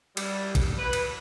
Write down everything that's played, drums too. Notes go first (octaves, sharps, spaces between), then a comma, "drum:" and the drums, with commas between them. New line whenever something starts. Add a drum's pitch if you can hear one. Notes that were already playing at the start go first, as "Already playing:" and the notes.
G3, drum: cymbal
drum: kick, cymbal
B4
drum: cymbal